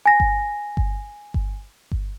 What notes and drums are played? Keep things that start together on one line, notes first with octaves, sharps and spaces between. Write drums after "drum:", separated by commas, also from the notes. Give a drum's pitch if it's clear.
G#5 A#6
drum: kick G1
drum: kick G1
drum: kick G1
drum: kick G1